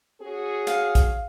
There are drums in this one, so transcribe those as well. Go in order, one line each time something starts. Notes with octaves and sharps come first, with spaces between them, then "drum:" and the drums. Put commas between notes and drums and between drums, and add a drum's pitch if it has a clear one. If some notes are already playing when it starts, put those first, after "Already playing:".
C#4 F#4 G#4
F5, drum: hi-hat
drum: kick, hi-hat